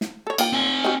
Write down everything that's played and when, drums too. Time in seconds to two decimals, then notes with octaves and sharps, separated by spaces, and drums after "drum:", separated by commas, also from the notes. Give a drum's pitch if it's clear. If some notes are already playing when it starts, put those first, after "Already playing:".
0.01 drum: snare
0.27 A4 C#5
0.38 A#3 F4 G5, drum: cymbal
0.53 C4 G#5
0.84 F#4 G4 D#5